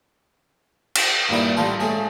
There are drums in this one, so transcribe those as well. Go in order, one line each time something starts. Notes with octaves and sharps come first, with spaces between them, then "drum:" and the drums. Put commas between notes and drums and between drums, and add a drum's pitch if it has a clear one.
drum: cymbal
G2 A#2 D#4 E4
A1 G3 F4 A5
G#3 A3 C#4 G#4